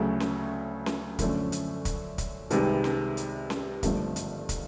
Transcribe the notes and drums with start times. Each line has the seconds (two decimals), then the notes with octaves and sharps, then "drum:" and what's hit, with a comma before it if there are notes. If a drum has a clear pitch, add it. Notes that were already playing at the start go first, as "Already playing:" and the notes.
Already playing: D2 C#3 F#3 A3
0.20 drum: snare C#4
0.86 drum: snare C#4
1.19 F#2 D3 F3 A3 C#4, drum: kick, hi-hat
1.52 drum: hi-hat
1.85 drum: kick, hi-hat
2.18 drum: kick, hi-hat
2.50 C2 C3 D#3 G#3 B3, drum: hi-hat
2.84 drum: snare C#4
3.17 drum: hi-hat
3.50 drum: snare C#4
3.83 G#1 G2 D3 F3 A3, drum: kick, hi-hat
4.16 drum: hi-hat
4.49 drum: kick, hi-hat